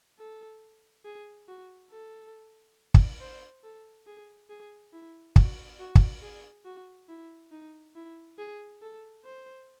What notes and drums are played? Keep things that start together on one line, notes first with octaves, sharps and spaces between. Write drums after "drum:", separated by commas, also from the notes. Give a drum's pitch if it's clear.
A4
G#4
F#4
A4
drum: kick
C5
A4
G#4
G#4
E4
F#4, drum: kick
F#4
drum: kick
G#4
F#4
E4
D#4
E4
G#4
A4
C5